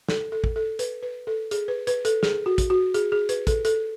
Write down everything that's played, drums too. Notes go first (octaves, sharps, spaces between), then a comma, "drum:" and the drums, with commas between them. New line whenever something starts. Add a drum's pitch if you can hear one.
A4, drum: snare
A4
drum: kick
A4
B4, drum: hi-hat
B4
A4
G#4, drum: hi-hat
B4
B4, drum: hi-hat
A4, drum: hi-hat
G#4, drum: snare
F#4
drum: kick, hi-hat
F#4
G#4, drum: hi-hat
G#4
B4, drum: hi-hat
A4, drum: kick, hi-hat
A4, drum: hi-hat